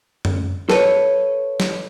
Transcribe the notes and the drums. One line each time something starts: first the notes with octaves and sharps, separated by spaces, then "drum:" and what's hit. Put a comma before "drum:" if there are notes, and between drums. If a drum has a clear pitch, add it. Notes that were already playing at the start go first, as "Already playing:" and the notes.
drum: tom F#2
A4 B4 C#5, drum: snare
drum: snare